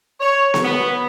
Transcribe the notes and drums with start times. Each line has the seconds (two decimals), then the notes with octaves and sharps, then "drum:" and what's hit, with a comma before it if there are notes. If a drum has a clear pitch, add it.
0.21 C#5
0.54 drum: snare B3
0.64 B3